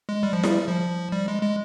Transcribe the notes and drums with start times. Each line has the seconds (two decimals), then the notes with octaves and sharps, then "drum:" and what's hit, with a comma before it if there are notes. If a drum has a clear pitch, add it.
0.09 G#3
0.23 G3
0.33 F3
0.44 G3, drum: snare E4
0.68 F3
1.12 G3
1.28 G#3
1.42 G#3